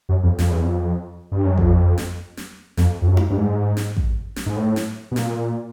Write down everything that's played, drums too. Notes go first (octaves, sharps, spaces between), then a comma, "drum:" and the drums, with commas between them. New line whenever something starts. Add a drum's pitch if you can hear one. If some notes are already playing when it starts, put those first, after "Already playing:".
F#2
F2
F2, drum: snare
E2
F2
G2
F#2
F2, drum: kick A1
drum: snare
drum: snare
F2, drum: snare
F2
F#2
drum: tom D#4
G2
G#2
drum: snare
drum: kick A1
drum: snare
G#2
A2
drum: snare
B2
A#2, drum: snare